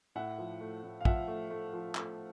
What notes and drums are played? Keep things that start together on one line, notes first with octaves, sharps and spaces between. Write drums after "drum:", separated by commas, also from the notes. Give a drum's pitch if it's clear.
A2 E5 F#5
F3
A3
A2
F5
F3 E5 F#5, drum: kick
A3
A3
F3
A3, drum: clap